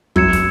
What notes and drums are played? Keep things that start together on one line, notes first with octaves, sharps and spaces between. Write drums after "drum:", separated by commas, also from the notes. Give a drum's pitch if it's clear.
F#2 E6 G#6 C#7 E7, drum: kick
drum: snare